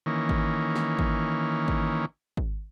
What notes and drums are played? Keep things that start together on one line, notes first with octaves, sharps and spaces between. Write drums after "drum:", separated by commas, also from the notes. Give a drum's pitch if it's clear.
D#3 E3 A#3 C#4
drum: kick G#1
drum: snare
drum: kick G#1
drum: kick G#1
drum: kick G#1